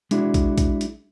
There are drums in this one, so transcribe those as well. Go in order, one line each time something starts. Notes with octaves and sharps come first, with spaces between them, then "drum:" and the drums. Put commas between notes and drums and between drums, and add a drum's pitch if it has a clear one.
G#3 D4 E4 F#4, drum: hi-hat
drum: kick, hi-hat
drum: kick, hi-hat
drum: hi-hat